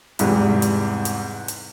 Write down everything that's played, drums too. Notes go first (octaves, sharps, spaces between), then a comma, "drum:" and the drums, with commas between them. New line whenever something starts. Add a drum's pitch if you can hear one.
E2 G#2 C3 E3 G3 G#3, drum: hi-hat
drum: hi-hat
drum: hi-hat
drum: hi-hat